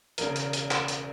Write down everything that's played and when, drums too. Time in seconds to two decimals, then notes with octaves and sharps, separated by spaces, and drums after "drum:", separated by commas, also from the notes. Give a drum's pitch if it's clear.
0.18 E1 E2 C#3 A#4, drum: hi-hat
0.36 drum: hi-hat
0.53 drum: hi-hat
0.71 drum: clap
0.88 drum: hi-hat